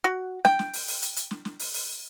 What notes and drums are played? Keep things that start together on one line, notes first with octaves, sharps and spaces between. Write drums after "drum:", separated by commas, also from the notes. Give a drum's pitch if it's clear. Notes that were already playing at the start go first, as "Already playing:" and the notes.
F#4
G5, drum: snare
drum: snare
drum: open hi-hat
drum: open hi-hat
drum: hi-hat
drum: hi-hat
drum: snare
drum: snare
drum: open hi-hat
drum: open hi-hat